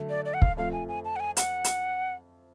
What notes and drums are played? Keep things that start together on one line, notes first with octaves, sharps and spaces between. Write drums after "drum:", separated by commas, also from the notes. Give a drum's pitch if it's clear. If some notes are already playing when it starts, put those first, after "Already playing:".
Already playing: D3 F#3 A3
D5
D5
F#5
F5, drum: kick
F2 F3 A3 F4 F5
G#5
G#5
A5
F#5
G#5
F#5, drum: hi-hat
drum: hi-hat